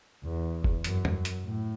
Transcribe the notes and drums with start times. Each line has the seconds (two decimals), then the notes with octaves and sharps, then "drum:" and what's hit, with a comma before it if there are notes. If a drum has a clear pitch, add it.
0.24 E2
0.64 drum: kick F1
0.84 F#2, drum: hi-hat
1.05 drum: tom E2
1.25 drum: hi-hat
1.45 A2